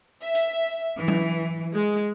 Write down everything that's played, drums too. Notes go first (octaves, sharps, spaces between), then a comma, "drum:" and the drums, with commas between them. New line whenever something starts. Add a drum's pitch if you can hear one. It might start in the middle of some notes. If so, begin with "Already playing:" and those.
E5
drum: hi-hat
E3
drum: tom F#3
G#3